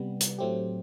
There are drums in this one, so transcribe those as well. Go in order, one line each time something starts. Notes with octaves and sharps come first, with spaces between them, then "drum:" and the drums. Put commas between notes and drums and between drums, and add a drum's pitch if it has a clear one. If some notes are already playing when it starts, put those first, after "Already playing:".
Already playing: C3 G3 B3
drum: hi-hat
A2 F#3 A3 C4 G4